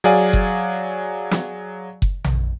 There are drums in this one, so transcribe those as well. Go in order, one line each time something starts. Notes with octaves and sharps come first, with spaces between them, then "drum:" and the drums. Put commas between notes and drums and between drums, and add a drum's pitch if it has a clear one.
F#3 G#4 D5 F5 G#5
drum: kick F#1
drum: snare
drum: kick F#1
drum: tom A#1